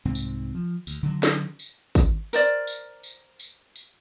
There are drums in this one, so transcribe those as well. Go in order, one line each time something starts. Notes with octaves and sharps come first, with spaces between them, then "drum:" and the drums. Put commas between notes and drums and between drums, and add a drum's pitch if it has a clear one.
C2 G#2 C4
drum: tambourine
F3
D2, drum: tambourine
D3 F#3
drum: snare
drum: tambourine
drum: kick, tambourine
A#4 C5 D5, drum: tambourine
drum: tambourine
drum: tambourine
drum: tambourine
drum: tambourine